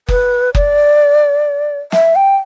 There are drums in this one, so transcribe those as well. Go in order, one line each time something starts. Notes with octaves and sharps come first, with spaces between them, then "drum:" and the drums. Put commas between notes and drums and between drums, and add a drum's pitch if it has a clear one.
B4, drum: kick F#1
D5, drum: kick F#1
E5, drum: snare
G5